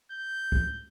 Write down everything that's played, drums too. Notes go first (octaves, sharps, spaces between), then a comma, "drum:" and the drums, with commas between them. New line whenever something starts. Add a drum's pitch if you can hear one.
G6
drum: kick